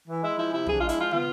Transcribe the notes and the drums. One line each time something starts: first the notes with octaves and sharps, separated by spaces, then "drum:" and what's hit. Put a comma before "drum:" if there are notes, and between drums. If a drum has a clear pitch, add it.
E3
G#3 E4
F3 E4
C3 E4
D4 G#4, drum: tom
G#3 F4
E4, drum: hi-hat
F3 F4
B3 F4, drum: tom